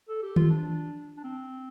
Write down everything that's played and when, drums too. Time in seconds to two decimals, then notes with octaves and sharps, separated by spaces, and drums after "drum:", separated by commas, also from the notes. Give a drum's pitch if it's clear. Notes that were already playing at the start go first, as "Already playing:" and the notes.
0.09 A4
0.22 G4
0.36 F4, drum: tom D#3
0.50 D4
1.17 D4
1.24 C4